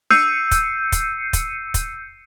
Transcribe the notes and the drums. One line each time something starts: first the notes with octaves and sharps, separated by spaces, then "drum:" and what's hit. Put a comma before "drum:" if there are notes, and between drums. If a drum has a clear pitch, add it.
E6 G6 C7 C#7 D#7, drum: snare D4
drum: kick, hi-hat
drum: kick, hi-hat
drum: kick, hi-hat
drum: kick, hi-hat